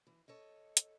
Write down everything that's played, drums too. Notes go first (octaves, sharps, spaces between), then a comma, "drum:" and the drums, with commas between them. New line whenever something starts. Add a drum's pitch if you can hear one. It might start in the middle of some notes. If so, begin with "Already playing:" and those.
E3
A4 C#5 D#5
drum: hi-hat